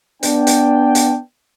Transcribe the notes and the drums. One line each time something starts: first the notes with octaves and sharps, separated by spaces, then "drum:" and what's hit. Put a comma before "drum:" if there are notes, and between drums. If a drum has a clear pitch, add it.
B3 D4 G5, drum: hi-hat
drum: hi-hat
drum: hi-hat